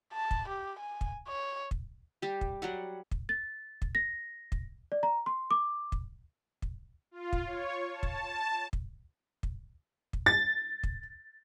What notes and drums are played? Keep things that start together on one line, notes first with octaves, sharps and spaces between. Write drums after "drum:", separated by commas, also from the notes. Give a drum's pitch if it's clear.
A5
drum: kick
G4
G#5
drum: kick
C#5
drum: kick
G3 G4
drum: kick
F#3 G3 F#5
drum: kick
A6
drum: kick
A#6
drum: kick
D5
A#5
C6
D6
drum: kick
drum: kick
F4
drum: kick
C#5
A5
drum: kick
drum: kick
drum: kick
drum: kick
A6
drum: kick